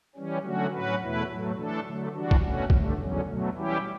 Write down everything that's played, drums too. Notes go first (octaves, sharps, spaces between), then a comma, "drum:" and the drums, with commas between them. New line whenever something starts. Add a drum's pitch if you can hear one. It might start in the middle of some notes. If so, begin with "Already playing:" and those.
E3 G3 C#4
D3 F#3 A3 C#4 F#4
A2 F#3 C#4 F#4 B4
E2 B2 A3 E4 B4
A2 F#3 A3
E3 A3 D4 A4
D3 F#3 A3
E3 G3 D4 F#4
drum: kick
B2 A3 C#4 F#4
G2 D3 A3, drum: kick
E2 D3 F#3 C#4
B2 F#3 A3
E3 G3 C#4 E4 G4